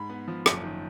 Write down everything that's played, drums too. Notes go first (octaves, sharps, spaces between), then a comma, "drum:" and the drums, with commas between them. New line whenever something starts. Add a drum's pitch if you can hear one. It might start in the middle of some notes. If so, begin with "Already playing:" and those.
Already playing: G#2 B5
B3
F3
F#1, drum: rim click
D#3